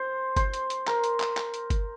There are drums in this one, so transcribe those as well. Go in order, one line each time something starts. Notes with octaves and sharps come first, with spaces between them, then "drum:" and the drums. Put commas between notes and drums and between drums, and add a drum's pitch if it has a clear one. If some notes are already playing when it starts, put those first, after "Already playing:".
Already playing: C5
C5, drum: kick G1, hi-hat
drum: hi-hat
drum: hi-hat
A#4, drum: clap
drum: hi-hat
drum: clap
drum: clap
drum: hi-hat
drum: kick G1, hi-hat